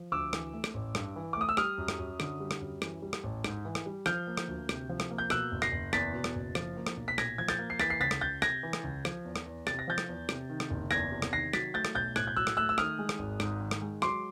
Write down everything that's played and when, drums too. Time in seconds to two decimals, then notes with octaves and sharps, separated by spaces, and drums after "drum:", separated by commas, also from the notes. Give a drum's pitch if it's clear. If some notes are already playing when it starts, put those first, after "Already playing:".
Already playing: F3
0.12 D2 D6 E6
0.33 E3, drum: rim click
0.54 A3
0.64 drum: rim click
0.74 A1
0.95 G2, drum: rim click
1.16 E3
1.33 D6
1.37 A3 D#6
1.49 E6
1.57 G3 D#6 F6, drum: rim click
1.78 F#2
1.88 drum: rim click
1.99 F#2
2.20 D3, drum: rim click
2.40 G3
2.51 drum: rim click
2.61 F#2
2.82 E3, drum: rim click
3.02 G3
3.13 drum: rim click
3.24 A1
3.44 G#2, drum: rim click
3.65 E3
3.75 drum: rim click
3.86 G3
4.06 F3 F6 G6, drum: rim click
4.27 A#3
4.37 drum: rim click
4.48 D2
4.69 C3, drum: rim click
4.89 F3
5.00 drum: rim click
5.11 A#3
5.18 G6
5.30 B2 E6 F#6, drum: rim click
5.52 F#1
5.62 A#6 C7, drum: rim click
5.72 F#1
5.93 E2 A6 B6, drum: rim click
6.14 B2
6.24 drum: rim click
6.35 F#1
6.55 F3, drum: rim click
6.76 A#3
6.87 drum: rim click
6.97 B1
7.08 B6
7.18 A#2 G#6 A#6, drum: rim click
7.38 F3 G#6
7.48 G6 A6, drum: rim click
7.59 A#3
7.70 C7
7.80 E3 A6 B6, drum: rim click
7.90 C7
8.00 C#2 A6 B6
8.11 drum: rim click
8.21 C#2 G6 A6
8.42 C3 G#6 A#6, drum: rim click
8.63 E3
8.73 drum: rim click
8.84 C#2
9.05 F3, drum: rim click
9.25 E2
9.36 drum: rim click
9.46 E2
9.67 C3 A6, drum: rim click
9.79 A#6
9.88 F3 G6 A6
9.98 drum: rim click
10.08 E2
10.29 C3, drum: rim click
10.50 D#3
10.60 drum: rim click
10.70 F#1
10.91 E2 G#6 A#6, drum: rim click
11.12 C3
11.22 drum: rim click
11.32 D#3 A#6 C7
11.53 F#3 A6 B6, drum: rim click
11.74 A3 G6 A6
11.85 drum: rim click
11.95 B1 G6 A6
12.16 A2 F#6 G#6, drum: rim click
12.27 G6
12.36 F#3 E6 F#6
12.47 drum: rim click
12.57 A3 E6 F#6
12.69 E6
12.78 D#3 D#6 F6, drum: rim click
12.99 G#3
13.09 drum: rim click
13.19 G#1
13.40 G#2, drum: rim click
13.60 D#3
13.71 drum: rim click
13.82 G#3
14.02 F#3 C6 D6, drum: rim click